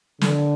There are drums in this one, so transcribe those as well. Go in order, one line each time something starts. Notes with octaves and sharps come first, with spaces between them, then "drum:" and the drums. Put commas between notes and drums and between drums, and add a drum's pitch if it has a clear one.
D3, drum: snare